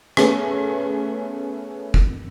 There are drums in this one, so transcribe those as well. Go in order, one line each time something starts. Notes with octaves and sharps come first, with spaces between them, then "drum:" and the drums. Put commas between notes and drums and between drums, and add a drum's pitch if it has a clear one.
A3 B3 C#4 G#4 G#5, drum: rim click
drum: kick F#1